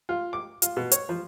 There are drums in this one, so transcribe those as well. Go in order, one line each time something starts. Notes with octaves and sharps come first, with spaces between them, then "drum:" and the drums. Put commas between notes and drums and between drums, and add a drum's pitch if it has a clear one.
F4
D6
F4, drum: hi-hat
B2
C#5, drum: hi-hat
F3